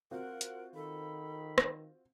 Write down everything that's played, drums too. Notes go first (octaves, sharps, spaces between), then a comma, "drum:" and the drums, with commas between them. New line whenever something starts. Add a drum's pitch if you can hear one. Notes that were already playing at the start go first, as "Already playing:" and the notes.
C4 F4 F#4 A#4 F#5
drum: hi-hat
D#3 A4 B5
drum: rim click